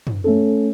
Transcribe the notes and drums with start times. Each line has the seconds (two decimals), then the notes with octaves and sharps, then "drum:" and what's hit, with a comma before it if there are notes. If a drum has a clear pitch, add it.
0.07 drum: tom
0.24 A3 C#4 A4